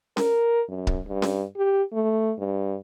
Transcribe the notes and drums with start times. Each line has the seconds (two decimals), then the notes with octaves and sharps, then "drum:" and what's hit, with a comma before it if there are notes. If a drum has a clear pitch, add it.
0.17 A#4, drum: snare C#4
0.69 F#2
0.87 drum: kick C#1
1.08 G2
1.22 drum: snare C#4
1.57 G4
1.93 A3
2.39 G2